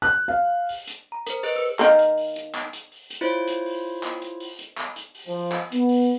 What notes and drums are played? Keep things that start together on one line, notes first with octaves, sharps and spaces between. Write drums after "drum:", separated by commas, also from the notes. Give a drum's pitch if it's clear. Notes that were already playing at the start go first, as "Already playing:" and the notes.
F#6
F5
drum: open hi-hat
drum: hi-hat
A#5
A#4 C5, drum: hi-hat
G#4 B4 D#5 F#6 D7, drum: open hi-hat
B4 E6 C#7
D#3 A#3, drum: clap
drum: hi-hat
drum: open hi-hat
drum: hi-hat
drum: clap
drum: hi-hat
drum: open hi-hat
drum: hi-hat
E4 F4 C5 C#5
drum: hi-hat
drum: open hi-hat
drum: clap
drum: hi-hat
drum: open hi-hat
drum: hi-hat
drum: clap
drum: hi-hat
drum: open hi-hat
F3
drum: clap
B3, drum: hi-hat
drum: open hi-hat